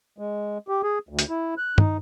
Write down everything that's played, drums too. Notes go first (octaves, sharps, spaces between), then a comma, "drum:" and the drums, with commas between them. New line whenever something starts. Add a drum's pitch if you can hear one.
G#3
G4
G#4
D2
drum: hi-hat
E4
F#6
D#4, drum: tom